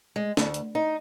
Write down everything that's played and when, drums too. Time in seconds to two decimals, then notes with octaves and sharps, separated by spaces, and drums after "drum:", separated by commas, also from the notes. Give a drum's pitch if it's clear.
0.16 G#3
0.37 D2, drum: snare
0.54 drum: hi-hat
0.75 D#4